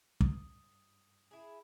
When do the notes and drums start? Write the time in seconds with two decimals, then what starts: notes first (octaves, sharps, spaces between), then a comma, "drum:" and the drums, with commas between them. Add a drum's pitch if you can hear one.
0.21 G2 D#6, drum: kick
1.31 E4 G#4